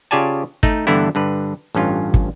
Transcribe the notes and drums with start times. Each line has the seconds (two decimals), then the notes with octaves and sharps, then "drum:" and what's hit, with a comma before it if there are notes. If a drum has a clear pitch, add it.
0.11 C#3 F4 G4 D5 G#5 A5
0.63 A3 D#4 A#5, drum: kick
0.87 G2 D3 E3 A3 B3 E4
1.15 G2 D3 B4
1.75 A1 G2 C#4 F4
2.14 drum: kick